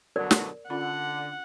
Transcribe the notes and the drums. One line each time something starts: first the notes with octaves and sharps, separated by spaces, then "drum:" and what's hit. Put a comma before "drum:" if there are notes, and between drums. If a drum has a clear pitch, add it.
B2 D3 F#3 A#4 D5
drum: snare
D3 C#4 F4 F#5 B5